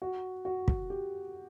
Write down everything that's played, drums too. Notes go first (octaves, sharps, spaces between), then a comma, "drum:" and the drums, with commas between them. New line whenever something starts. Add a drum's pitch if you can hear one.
F#4
F#4
drum: kick
G4